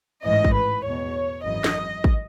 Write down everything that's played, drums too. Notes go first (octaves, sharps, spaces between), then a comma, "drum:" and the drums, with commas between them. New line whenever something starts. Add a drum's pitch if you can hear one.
A1 G#2 E3 D#5
drum: kick
B4
E2 B2 C#5
G#1 F#2 E3 D#5
drum: snare
drum: kick